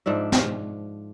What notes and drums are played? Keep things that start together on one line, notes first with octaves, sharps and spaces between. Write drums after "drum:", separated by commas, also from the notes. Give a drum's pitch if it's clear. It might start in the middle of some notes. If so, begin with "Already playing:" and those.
G#2 F3 D4 E5
drum: snare